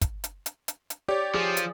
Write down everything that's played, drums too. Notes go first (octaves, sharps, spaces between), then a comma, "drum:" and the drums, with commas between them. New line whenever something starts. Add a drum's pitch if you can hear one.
drum: kick, hi-hat
drum: hi-hat
drum: hi-hat
drum: hi-hat
drum: hi-hat
G4 C#5 D5
F3 G#4
drum: hi-hat